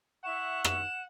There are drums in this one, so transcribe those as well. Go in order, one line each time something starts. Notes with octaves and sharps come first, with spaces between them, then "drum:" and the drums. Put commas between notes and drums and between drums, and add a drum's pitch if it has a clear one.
E4 E5 F#5 C#6 E7
E7, drum: rim click